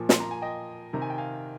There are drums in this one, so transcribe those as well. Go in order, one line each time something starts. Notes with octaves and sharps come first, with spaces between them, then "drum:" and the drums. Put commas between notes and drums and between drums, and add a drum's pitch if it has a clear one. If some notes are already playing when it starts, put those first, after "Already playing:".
Already playing: A#2 F3
C6, drum: snare
A#5
G#5
D#5 G5
C3 D#3 A#5
G#5
G5
F5 G#5